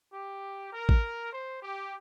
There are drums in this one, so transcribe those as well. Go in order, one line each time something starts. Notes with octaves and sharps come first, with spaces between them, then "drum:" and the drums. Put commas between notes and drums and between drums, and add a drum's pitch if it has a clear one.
G4
A#4
drum: kick
C5
G4